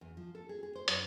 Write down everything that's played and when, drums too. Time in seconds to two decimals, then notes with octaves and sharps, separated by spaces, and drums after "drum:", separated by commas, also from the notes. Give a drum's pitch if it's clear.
0.01 E2
0.17 F3
0.35 A4
0.49 G#4
0.63 G#4
0.75 C5
0.88 F#2, drum: hi-hat